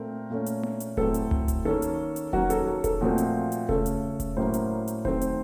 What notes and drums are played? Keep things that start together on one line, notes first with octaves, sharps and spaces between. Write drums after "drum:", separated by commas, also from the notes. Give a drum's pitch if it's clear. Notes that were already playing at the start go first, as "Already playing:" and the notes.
Already playing: A#2 A3 C4 A#4
A#2 A3 C#4
drum: hi-hat
drum: tom A#3
drum: hi-hat
A2 F#3 C4 A4, drum: kick E1
drum: hi-hat
drum: tom C#2
drum: kick E1, hi-hat
D#3 A#3 C#4 A4
drum: hi-hat
drum: hi-hat
D#3 F#3 A#3 C#4 F#4, drum: kick E1
A4, drum: hi-hat
A4
A4, drum: kick E1, hi-hat
A#2 F3 A3 C4 F#4
drum: hi-hat
drum: hi-hat
C#3 A3 C#4 A4, drum: kick E1
drum: hi-hat
drum: kick E1, hi-hat
A2 F#3 A#3 C#4 C5
drum: hi-hat
drum: hi-hat
D#3 F#3 A3 C4 C5, drum: kick E1
drum: hi-hat